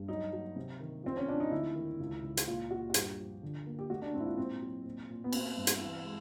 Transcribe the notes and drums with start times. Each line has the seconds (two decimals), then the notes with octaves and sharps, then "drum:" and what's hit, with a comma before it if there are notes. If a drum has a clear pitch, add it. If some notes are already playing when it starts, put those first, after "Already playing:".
Already playing: G2
0.08 F#3 D#4
0.33 F#3
0.56 C3
0.80 D#3
1.03 F3 C4
1.17 C#4
1.27 F3 D4
1.40 D#4
1.51 D2 E4
1.76 D#3
2.00 C#2
2.23 C#2
2.37 drum: hi-hat
2.47 A#2 F4
2.71 A#2 F#4
2.90 F#4
2.94 G2 G4, drum: hi-hat
3.18 F3
3.43 D3
3.66 A#3
3.79 G4
3.90 A3 F#4
4.02 D4
4.14 G#2 C4
4.20 E4
4.26 F4
4.38 A#2 C4
4.62 F#3
4.85 A#2
5.10 A#2
5.24 B3
5.33 A#3 C4, drum: cymbal
5.57 G2
5.67 drum: hi-hat
5.81 E3
6.05 G#3